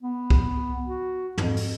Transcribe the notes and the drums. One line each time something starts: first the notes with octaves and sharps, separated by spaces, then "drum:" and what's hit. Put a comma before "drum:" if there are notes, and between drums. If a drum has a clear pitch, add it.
B3
drum: kick C2
F#4
F2, drum: tom
drum: open hi-hat